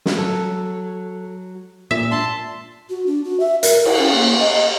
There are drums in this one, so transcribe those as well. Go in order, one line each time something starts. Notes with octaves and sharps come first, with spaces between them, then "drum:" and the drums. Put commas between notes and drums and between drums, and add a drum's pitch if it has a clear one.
drum: snare
F#3 A4
A#2 E5
D4 A5 C6
F#4
D4
F#4
E5
A#4, drum: hi-hat
E4, drum: cymbal
C#4
A#3
D#5
D#5